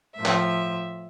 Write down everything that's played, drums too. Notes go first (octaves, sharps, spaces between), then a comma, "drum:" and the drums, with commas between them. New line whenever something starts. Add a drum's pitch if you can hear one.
A2 F3 E5
drum: clap